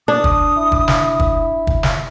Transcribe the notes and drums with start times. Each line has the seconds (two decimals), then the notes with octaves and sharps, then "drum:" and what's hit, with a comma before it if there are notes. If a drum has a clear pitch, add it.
0.08 D4 D#6
0.24 drum: kick
0.56 E4
0.72 drum: kick
0.88 drum: snare
1.19 drum: kick
1.67 drum: kick
1.83 drum: snare